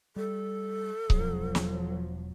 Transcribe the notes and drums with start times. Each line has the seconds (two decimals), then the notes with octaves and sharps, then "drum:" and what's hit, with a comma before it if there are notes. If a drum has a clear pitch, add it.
0.16 G3 A4
1.10 E1 F3 F#3, drum: kick C#1
1.55 drum: snare